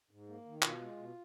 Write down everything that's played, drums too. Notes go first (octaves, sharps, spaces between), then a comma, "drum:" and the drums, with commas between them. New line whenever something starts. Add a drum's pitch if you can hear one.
G#2
A#3
D#3
B2 F4, drum: clap
G#3
B2